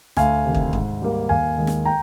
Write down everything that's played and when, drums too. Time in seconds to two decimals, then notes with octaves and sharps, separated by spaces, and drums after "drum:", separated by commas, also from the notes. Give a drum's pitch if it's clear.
0.16 D2 F5 G#5, drum: snare
0.45 C3 D#3
0.55 drum: kick
0.73 G#2, drum: kick
1.02 G3 A#3
1.29 D#2 F5 G#5
1.58 D#3 G#3
1.67 drum: snare
1.85 G5 A#5